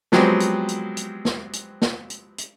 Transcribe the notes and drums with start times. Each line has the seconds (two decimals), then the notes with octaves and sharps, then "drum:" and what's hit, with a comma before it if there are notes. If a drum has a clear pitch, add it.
0.12 F3 F#3 G#3 B3 C4 G4, drum: snare
0.40 drum: hi-hat
0.69 drum: hi-hat
0.97 drum: hi-hat
1.25 drum: snare
1.53 drum: hi-hat
1.82 drum: snare
2.10 drum: hi-hat
2.38 drum: hi-hat